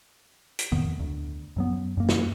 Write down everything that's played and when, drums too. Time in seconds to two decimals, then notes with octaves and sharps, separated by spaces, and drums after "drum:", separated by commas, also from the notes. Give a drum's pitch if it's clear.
0.59 drum: hi-hat
0.72 F2 A2 D#3 B3
1.00 D2
1.56 F#2 F#3 B3
1.97 F#2 A#3
2.09 drum: snare